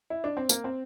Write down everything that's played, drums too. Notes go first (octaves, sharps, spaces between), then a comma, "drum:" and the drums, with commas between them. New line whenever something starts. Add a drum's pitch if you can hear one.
E4
D4
C4
A#3, drum: tambourine
C4